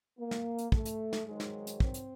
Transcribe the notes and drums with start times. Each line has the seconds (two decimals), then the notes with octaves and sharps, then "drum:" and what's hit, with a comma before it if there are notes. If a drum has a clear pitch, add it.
0.18 A#3
0.31 drum: snare
0.58 drum: hi-hat
0.72 A3, drum: kick
0.86 drum: hi-hat
1.13 drum: snare
1.26 G#2 D#3 F#3 G#3
1.40 drum: snare
1.67 drum: hi-hat
1.80 C4, drum: kick
1.94 drum: hi-hat